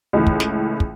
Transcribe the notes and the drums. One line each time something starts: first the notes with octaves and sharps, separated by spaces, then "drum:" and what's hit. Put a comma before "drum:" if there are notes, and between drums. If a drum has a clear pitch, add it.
C#2 A2 E3
drum: kick
drum: snare
drum: kick